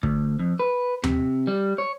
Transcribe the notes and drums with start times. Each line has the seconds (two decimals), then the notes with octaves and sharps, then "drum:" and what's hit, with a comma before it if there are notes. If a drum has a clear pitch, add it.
0.03 D2, drum: kick
0.39 F2
0.60 B4
1.04 C3, drum: tom D#2
1.47 G3
1.78 C#5